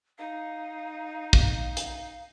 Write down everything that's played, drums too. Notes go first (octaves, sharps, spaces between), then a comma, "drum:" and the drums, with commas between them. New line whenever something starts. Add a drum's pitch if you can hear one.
D#4 F5
drum: kick
drum: hi-hat